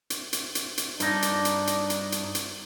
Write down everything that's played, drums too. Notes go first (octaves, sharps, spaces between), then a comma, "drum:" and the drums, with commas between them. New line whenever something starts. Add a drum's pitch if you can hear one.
drum: hi-hat
drum: hi-hat
drum: hi-hat
drum: hi-hat
G2 D4 D#4, drum: hi-hat
drum: hi-hat
drum: hi-hat
drum: hi-hat
drum: hi-hat
drum: hi-hat
drum: hi-hat